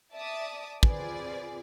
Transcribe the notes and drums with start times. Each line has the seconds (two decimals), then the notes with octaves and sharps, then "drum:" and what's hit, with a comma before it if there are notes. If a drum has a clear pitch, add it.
0.14 D5 E5 A5 D6 D#6
0.83 C4 F4 G#4 B4 D5, drum: kick